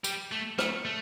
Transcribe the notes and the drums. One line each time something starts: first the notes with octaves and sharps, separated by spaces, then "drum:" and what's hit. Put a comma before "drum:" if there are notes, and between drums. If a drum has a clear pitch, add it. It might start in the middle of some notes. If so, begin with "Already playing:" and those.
G3, drum: tambourine
A3
A3, drum: rim click
A3